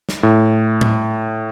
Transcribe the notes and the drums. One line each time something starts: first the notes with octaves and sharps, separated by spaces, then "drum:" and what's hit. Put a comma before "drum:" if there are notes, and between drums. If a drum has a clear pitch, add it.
drum: snare
A2
drum: tom A2